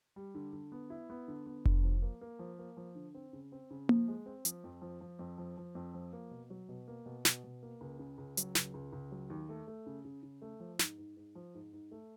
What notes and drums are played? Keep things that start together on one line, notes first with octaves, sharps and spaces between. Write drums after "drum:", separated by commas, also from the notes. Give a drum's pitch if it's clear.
G3
D3
D3
B3
E4
B3
D3
B3
D3, drum: kick F1
F3
A#3
A#3
F3
A#3
F3
D3
C4
C#3
C4
C#3
F3, drum: tom A#3
G#3
C4
F3, drum: hi-hat
F2
F3
F3
F2
F3
F3
F2
F3
A#3
B2
F#3
B2
A#3
B2
B2, drum: snare
B2
A#3
C#2
C#3
C#2
F#3, drum: hi-hat
C#2, drum: snare
C#2
C#2
F#3
D#2
A3
A3
C#3
C#3
C#3
A3
F3
G#2, drum: snare
G#2
G#2
F3
G#2
G#2
A3